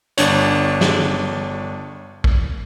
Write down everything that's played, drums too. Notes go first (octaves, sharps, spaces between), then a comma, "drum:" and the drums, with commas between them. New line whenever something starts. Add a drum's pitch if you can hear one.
G1 D4 C#5, drum: hi-hat
drum: snare
drum: kick A#1